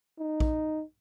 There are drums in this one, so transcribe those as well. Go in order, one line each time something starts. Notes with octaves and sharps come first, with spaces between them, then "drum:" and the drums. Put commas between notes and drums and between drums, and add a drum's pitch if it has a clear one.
D#4
drum: kick A#1